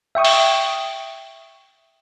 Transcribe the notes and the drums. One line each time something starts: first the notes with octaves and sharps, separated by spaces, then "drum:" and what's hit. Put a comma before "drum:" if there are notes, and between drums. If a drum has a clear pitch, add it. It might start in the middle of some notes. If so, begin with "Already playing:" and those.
E5 G5 C#6 D#6
drum: open hi-hat